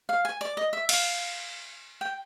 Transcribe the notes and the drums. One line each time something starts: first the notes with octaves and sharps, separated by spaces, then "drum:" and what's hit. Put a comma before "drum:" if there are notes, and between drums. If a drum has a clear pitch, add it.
F5
G#5
D5
D#5
E5
F5, drum: cymbal
G5